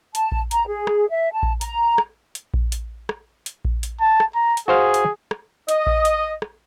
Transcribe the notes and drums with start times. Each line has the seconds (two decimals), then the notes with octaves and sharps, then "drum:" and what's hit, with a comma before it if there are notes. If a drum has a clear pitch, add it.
0.15 A5, drum: hi-hat
0.32 drum: kick A#1
0.51 A#5, drum: hi-hat
0.68 G#4
0.87 drum: rim click
1.10 E5
1.33 A5
1.43 drum: kick A#1
1.61 A#5, drum: hi-hat
1.98 drum: rim click
2.35 drum: hi-hat
2.54 drum: kick A#1
2.72 drum: hi-hat
3.09 drum: rim click
3.46 drum: hi-hat
3.65 drum: kick A#1
3.83 drum: hi-hat
4.01 A5
4.20 drum: rim click
4.35 A#5
4.57 drum: hi-hat
4.68 F#4 G#4 C5 F5
4.94 drum: hi-hat
5.31 drum: rim click
5.68 D#5, drum: hi-hat
5.87 drum: kick A#1
6.05 drum: hi-hat
6.42 drum: rim click